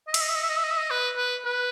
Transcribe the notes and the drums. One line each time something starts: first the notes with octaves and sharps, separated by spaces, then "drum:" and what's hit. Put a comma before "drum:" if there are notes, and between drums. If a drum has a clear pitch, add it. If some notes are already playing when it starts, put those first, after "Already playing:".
D#5
E5, drum: cymbal
D#5
E5
D#5
E5
D#5
E5
D#5
E5
D#5
B4
B4
B4